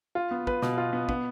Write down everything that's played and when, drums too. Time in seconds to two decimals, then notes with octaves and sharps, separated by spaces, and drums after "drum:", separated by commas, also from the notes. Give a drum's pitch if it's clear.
0.15 F4
0.31 B3
0.47 B4, drum: kick
0.62 B2, drum: snare
0.77 F4
0.93 B3
1.09 B3, drum: kick